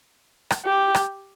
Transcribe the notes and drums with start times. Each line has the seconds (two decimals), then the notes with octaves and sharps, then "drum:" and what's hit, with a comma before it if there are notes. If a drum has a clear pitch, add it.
0.51 drum: rim click
0.65 G4
0.95 drum: rim click